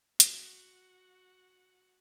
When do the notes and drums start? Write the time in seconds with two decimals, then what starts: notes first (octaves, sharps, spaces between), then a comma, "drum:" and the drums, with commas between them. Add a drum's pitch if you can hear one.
0.20 F#4 F#5, drum: hi-hat